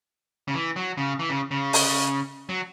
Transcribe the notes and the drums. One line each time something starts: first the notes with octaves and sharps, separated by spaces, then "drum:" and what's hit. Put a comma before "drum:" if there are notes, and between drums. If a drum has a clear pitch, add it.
C#3
E3
F#3
C#3
E3
C#3
C#3
drum: open hi-hat
F#3